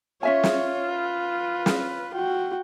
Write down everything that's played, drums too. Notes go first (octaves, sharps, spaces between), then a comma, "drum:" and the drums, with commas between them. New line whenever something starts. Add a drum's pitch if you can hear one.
C#4 F4 C#5 E5 G#5
drum: snare
B4
drum: snare
F#4 G5